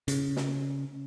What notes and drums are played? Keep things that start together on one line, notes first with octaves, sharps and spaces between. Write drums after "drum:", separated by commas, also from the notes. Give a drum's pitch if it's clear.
C#3, drum: hi-hat
drum: snare